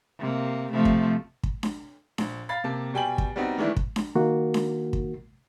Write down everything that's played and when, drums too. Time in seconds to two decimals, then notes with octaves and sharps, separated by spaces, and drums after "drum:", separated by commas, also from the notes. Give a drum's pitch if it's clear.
0.19 C3 A#3
0.72 C3 F3 A3
0.85 drum: kick
1.43 drum: kick
1.63 drum: snare D4
2.18 A#1, drum: snare D4
2.49 F5 B5 A6
2.64 C3 A#3 A5
2.93 B2 G3 G5 G#5 D7 F#7
3.18 drum: kick
3.36 G3 B3 C4 D#4 F#4
3.58 D#3 E3 G#3 A3 D4 E4
3.76 drum: kick
3.96 drum: snare D4
4.15 D#3 A#3 F#4
4.54 drum: snare D4
4.93 drum: kick